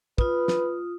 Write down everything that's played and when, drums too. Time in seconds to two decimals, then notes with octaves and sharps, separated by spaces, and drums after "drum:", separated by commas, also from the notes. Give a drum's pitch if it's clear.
0.18 F4 B4 D#6, drum: kick
0.48 drum: snare